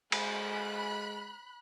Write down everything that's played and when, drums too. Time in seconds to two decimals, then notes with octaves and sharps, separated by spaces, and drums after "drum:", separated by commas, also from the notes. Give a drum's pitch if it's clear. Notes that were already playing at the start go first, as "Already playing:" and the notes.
0.12 G#3 B5 F#6, drum: cymbal